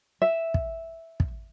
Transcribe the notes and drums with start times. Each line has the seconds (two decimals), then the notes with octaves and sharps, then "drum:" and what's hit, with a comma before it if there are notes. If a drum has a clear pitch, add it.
0.22 E5
0.54 drum: kick
1.20 drum: kick